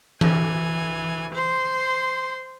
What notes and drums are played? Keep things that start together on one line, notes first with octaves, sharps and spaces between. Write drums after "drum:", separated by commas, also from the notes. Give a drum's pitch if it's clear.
E3 G#5, drum: tom E3
C5 C6